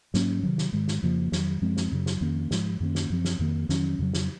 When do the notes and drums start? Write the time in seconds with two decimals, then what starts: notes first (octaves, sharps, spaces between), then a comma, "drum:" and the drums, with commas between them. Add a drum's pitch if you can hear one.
0.14 G#2 F#3 A#3 C#4, drum: snare
0.43 C3 D#3 F#3
0.58 drum: snare
0.73 G#2 D#3 G#3
0.88 drum: snare
1.03 F2 C#3 F3 A#3
1.32 F2 D#3 F#3, drum: snare
1.62 F#2 F3 G#3 C4
1.77 drum: snare
1.92 F#2 C#3 F#3
2.06 drum: snare
2.21 F2 D#3 A#3 C#4
2.51 G#2 F3 G#3, drum: snare
2.80 F#2 D#3 A#3 C#4
2.95 drum: snare
3.10 F#2 F3 C4
3.25 drum: snare
3.39 F2 D#3 A#3
3.69 F2 D#3 F#3 C#4, drum: snare
3.99 F2 C#3 F#3
4.13 drum: snare